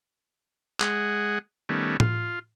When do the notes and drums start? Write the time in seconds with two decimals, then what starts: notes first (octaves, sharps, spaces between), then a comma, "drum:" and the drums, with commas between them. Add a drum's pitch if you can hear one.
0.80 G#3 G#4 F#5, drum: clap
1.69 D#3 G3 A3 B3 C#4
2.00 F4, drum: tom